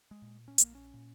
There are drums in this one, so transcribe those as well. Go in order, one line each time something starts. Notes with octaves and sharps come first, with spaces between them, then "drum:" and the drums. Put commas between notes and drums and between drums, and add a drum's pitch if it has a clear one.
G#3
A#2
C#4
A#1 A#3, drum: hi-hat
C#4
A#2